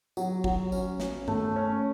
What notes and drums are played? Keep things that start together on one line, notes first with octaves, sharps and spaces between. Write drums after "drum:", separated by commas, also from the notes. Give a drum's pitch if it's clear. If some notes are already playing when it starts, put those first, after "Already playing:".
F#3, drum: tambourine
F#3, drum: kick
C#4, drum: tambourine
C#4, drum: snare
A3, drum: tom G2
C#4